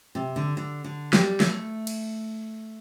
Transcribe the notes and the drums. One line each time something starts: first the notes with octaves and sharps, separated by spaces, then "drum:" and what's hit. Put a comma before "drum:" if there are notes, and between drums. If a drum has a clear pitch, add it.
C3
D3
D3
D3
G3, drum: snare
A3, drum: snare
drum: cymbal